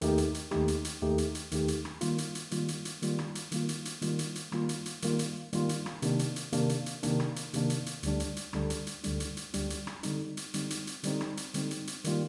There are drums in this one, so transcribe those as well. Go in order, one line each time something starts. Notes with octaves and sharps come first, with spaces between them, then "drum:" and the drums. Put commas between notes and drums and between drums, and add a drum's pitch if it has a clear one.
D#2 D#3 A3 D#4 G4, drum: hi-hat
drum: hi-hat
drum: hi-hat
D#2 D#3 A3 D#4 G4, drum: rim click
drum: hi-hat
drum: hi-hat
D#2 D#3 A3 D#4 G4
drum: hi-hat
drum: hi-hat
D#2 D#3 A3 D#4 G4, drum: hi-hat
drum: hi-hat
drum: rim click
D#3 G3 A#3 F4, drum: hi-hat
drum: hi-hat
drum: hi-hat
D#3 G3 A#3 F4, drum: hi-hat
drum: hi-hat
drum: hi-hat
D#3 G3 A#3 F4, drum: hi-hat
drum: rim click
drum: hi-hat
D#3 G3 A#3 F4, drum: hi-hat
drum: hi-hat
drum: hi-hat
D#3 G3 A#3 F4, drum: hi-hat
drum: hi-hat
drum: hi-hat
D#3 G3 A#3 F4, drum: rim click
drum: hi-hat
drum: hi-hat
D#3 G3 A#3 F4, drum: hi-hat
drum: hi-hat
D#3 G3 A#3 F4, drum: hi-hat
drum: hi-hat
drum: rim click
C3 D#3 A#3 D4, drum: hi-hat
drum: hi-hat
drum: hi-hat
C3 D#3 A#3 D4, drum: hi-hat
drum: hi-hat
drum: hi-hat
C3 D#3 A#3 D4, drum: hi-hat
drum: rim click
drum: hi-hat
C3 D#3 A#3 D4, drum: hi-hat
drum: hi-hat
drum: hi-hat
D2 D3 G3 D4, drum: hi-hat
drum: hi-hat
drum: hi-hat
D2 D3 G3 D4, drum: rim click
drum: hi-hat
drum: hi-hat
D2 D3 G3 D4, drum: hi-hat
drum: hi-hat
drum: hi-hat
D2 D3 G3 D4, drum: hi-hat
drum: hi-hat
drum: rim click
D3 G3 C4 D#4, drum: hi-hat
drum: hi-hat
D3 G3 C4 D#4, drum: hi-hat
drum: hi-hat
drum: hi-hat
D3 G3 C4 D#4, drum: hi-hat
drum: rim click
drum: hi-hat
D3 G3 C4 D#4, drum: hi-hat
drum: hi-hat
drum: hi-hat
D#3 G3 A#3 F4, drum: hi-hat